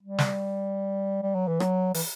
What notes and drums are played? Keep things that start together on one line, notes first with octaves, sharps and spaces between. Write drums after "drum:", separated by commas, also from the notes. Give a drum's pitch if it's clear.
G3
drum: snare
G3
F#3
E3
F#3, drum: rim click
E3, drum: open hi-hat